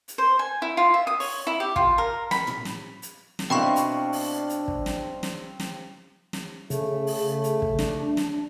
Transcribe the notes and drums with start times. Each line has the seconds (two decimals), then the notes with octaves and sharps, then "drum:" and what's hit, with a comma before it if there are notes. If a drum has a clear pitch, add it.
0.08 drum: hi-hat
0.18 C5
0.39 G#5
0.62 E4
0.77 F4
0.94 E5
1.07 D#6
1.20 C#5, drum: open hi-hat
1.47 E4
1.60 G4
1.76 F4, drum: kick
1.98 A#4
2.31 B5, drum: snare
2.47 drum: tom
2.65 drum: snare
3.02 drum: hi-hat
3.39 drum: snare
3.50 B2 C4 D4 E4 F5 G5 B5 C#6
3.76 drum: hi-hat
4.13 drum: open hi-hat
4.49 drum: hi-hat
4.68 drum: kick
4.86 drum: snare
5.23 drum: snare
5.60 drum: snare
6.33 drum: snare
6.70 C#3 A3, drum: hi-hat
7.07 drum: open hi-hat
7.44 drum: hi-hat
7.62 drum: kick
7.79 D4, drum: snare
8.17 drum: snare